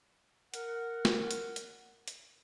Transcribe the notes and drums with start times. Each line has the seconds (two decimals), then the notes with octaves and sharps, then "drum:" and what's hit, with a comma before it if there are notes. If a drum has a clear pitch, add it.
0.54 A#4 F#5, drum: hi-hat
1.05 drum: snare
1.31 drum: hi-hat
1.56 drum: hi-hat
2.08 drum: hi-hat